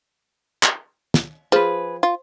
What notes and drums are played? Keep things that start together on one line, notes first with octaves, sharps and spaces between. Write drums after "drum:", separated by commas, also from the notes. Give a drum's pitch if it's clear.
drum: clap
drum: snare
F3 G#4 B4
F4